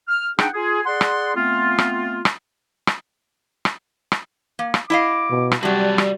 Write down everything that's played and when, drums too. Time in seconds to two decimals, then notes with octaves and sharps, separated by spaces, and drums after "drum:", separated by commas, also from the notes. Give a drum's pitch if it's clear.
0.08 F6
0.39 D4 D#4 G#4 F#5 G5, drum: rim click
0.54 F4 G#4
0.85 G#4 D5 F#5 C6
1.01 drum: rim click
1.36 A3 B3 C4 F4
1.78 drum: rim click
2.25 drum: rim click
2.87 drum: rim click
3.65 drum: rim click
4.12 drum: rim click
4.59 A#3
4.74 drum: rim click
4.90 E4 D#5 F5 D6
5.30 B2
5.51 drum: rim click
5.63 C3 F#3 G3 F#4 G4 D5 A5
5.98 drum: rim click